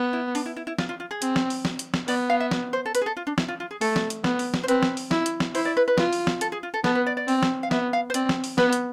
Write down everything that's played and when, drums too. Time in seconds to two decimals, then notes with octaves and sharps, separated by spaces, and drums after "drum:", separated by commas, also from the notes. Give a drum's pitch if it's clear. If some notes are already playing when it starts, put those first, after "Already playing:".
Already playing: B3
0.13 E4
0.35 D4, drum: open hi-hat
0.46 E4
0.56 E4
0.67 E4
0.79 F4, drum: snare
0.89 F4
1.00 F4
1.11 G#4
1.22 C4, drum: hi-hat
1.36 drum: snare
1.50 drum: open hi-hat
1.65 drum: snare
1.79 drum: hi-hat
1.94 drum: snare
2.08 B3 D5, drum: open hi-hat
2.30 F5
2.40 E5
2.51 drum: snare
2.73 C5
2.86 A4
2.95 B4, drum: hi-hat
3.01 G#4
3.06 A4
3.17 F4
3.27 D4
3.38 E4, drum: snare
3.48 F4
3.60 F4
3.71 G#4
3.81 A3 A4, drum: open hi-hat
3.96 drum: snare
4.10 drum: hi-hat
4.24 B3, drum: snare
4.39 drum: open hi-hat
4.54 drum: snare
4.63 C5
4.68 C4 B4, drum: hi-hat
4.83 drum: snare
4.97 drum: open hi-hat
5.11 E4, drum: snare
5.26 drum: hi-hat
5.40 drum: snare
5.55 E4 C5, drum: open hi-hat
5.65 D5
5.77 B4
5.88 B4
5.98 F4, drum: snare
6.13 drum: open hi-hat
6.27 drum: snare
6.41 A4, drum: hi-hat
6.52 G#4
6.63 F4
6.74 A4
6.84 B3 A4, drum: snare
6.95 B4
7.06 D5
7.17 D5
7.28 C4, drum: open hi-hat
7.43 drum: snare
7.63 F5
7.71 B3 E5, drum: snare
7.93 F5
8.10 C5
8.14 C4 D5, drum: hi-hat
8.29 drum: snare
8.44 drum: open hi-hat
8.58 B3 B4, drum: snare
8.73 drum: hi-hat